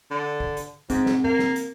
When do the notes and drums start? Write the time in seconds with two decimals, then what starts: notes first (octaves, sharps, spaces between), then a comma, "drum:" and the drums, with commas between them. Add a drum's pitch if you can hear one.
0.11 D3
0.40 drum: kick
0.57 drum: hi-hat
0.90 G#2 C4, drum: kick, hi-hat
1.06 drum: snare
1.24 A#3, drum: tom F2
1.39 drum: snare
1.56 drum: hi-hat